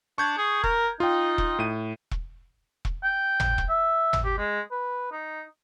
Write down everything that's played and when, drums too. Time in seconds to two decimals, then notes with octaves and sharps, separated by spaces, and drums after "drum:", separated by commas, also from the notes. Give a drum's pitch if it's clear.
0.18 D4 C#6 G6 G#6
0.38 G#4
0.64 A#4, drum: kick E1
1.00 D#4 F4 G5
1.38 drum: kick E1
1.59 A2 D#7
2.11 drum: kick E1
2.85 drum: kick E1
3.03 G5
3.40 drum: tom G#1
3.58 drum: kick E1
3.69 E5
4.13 drum: tom G#1
4.25 G4
4.38 G#3
4.71 B4
5.12 D#4